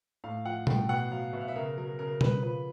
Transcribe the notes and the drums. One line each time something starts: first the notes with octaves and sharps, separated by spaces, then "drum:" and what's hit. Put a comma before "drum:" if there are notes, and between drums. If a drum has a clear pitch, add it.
A2 F5
F3 F#5
A2 G5, drum: tom B2
B2 F#5
F#3 F5
B2 E5
F5
E5
C#3 A#4
F#3 A#4
C#3 A#4
C#3 B4, drum: tom B2
F3 B4